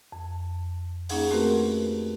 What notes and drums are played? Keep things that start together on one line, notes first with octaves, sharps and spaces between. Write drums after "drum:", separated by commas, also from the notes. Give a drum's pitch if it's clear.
F2
A#3 C#4 D#4 G#4 F#5, drum: open hi-hat
A3 C4 F#4 G4 A#4 B4